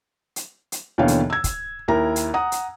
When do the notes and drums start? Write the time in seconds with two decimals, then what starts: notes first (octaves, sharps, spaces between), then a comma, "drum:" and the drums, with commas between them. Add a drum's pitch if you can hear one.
0.36 drum: hi-hat
0.72 drum: hi-hat
0.98 D#2 B2 D3 E3 C#5 F5
1.08 drum: hi-hat
1.30 E6 G#6
1.44 drum: kick, hi-hat
1.88 D#2 E4 A#4 A#5
2.16 drum: hi-hat
2.34 F#5 A#5 D#6
2.52 drum: hi-hat